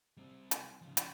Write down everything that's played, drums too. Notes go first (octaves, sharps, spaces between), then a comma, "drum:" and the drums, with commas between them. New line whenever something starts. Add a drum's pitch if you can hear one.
G3 C4
G#5, drum: hi-hat
C#3 F3
drum: hi-hat